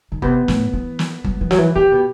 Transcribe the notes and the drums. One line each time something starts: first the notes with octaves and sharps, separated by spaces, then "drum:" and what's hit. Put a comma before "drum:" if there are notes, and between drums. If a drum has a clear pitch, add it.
D#3
C3 B3, drum: kick G1
A2, drum: snare
E3
drum: snare
F#3, drum: kick G1
E3
F#3, drum: snare
E3
D#3 G4
B2